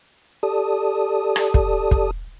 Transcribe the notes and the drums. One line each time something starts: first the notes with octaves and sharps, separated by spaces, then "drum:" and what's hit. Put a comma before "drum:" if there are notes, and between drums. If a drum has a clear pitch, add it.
G4 A4 D5 A5 D#6
drum: rim click
drum: kick
drum: kick